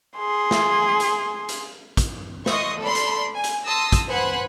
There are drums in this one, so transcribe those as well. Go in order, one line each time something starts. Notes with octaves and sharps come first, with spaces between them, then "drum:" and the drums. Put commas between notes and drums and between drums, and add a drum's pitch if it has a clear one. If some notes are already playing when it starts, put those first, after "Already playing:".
G#4 C6
drum: snare
drum: hi-hat
drum: hi-hat
drum: kick, hi-hat
D#5 C6 C#6 D#6, drum: snare
A4 D5 B5 C6
drum: hi-hat
G#5
drum: hi-hat
A5 C6 D#6 E6 A#6
drum: kick, hi-hat
B4 C5 F#5 G#5 B5 F#6